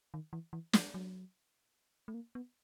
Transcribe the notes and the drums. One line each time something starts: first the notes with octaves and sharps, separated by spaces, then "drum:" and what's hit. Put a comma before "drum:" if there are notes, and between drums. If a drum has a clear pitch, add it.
D#3
E3
E3
F3, drum: snare
F#3
A3
A#3
B3